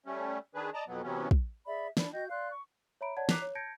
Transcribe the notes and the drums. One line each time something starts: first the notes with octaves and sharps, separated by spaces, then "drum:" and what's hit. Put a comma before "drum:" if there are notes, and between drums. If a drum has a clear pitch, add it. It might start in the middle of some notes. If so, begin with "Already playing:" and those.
G3 A3 C#4
D#3 D4 G#4 B4
D5 D#5 A5 A#5
F2 B2 F#3 B3
C3 E3 F#3 B3 C#4
drum: kick
G#4 D5 E5 B5
D4 D5 B5, drum: snare
F#4 D#5 G5 G6
D5 F5 C6 F#6
C#6
C#5 E5 A#5 B5 D7
C#5 D5 F#5 A5 G#6
A#5 D6 F#6 B6 C7 F7, drum: snare
C#5
A5 G6 G#6 A#6 C#7 D7